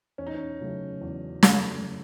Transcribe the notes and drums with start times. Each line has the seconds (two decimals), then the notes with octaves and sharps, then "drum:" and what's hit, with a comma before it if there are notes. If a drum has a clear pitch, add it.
0.18 E2 C#4
0.27 D#4
0.34 C#4
0.60 C#3 F#3 A3
1.01 E2
1.43 C#3 F#3 A3, drum: snare